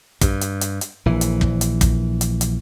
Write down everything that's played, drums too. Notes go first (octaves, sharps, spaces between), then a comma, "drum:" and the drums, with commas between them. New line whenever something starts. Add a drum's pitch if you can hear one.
G2, drum: kick, hi-hat
drum: hi-hat
drum: hi-hat
drum: hi-hat
A#1 E3
drum: hi-hat
drum: kick
drum: hi-hat
drum: kick, hi-hat
drum: hi-hat
drum: hi-hat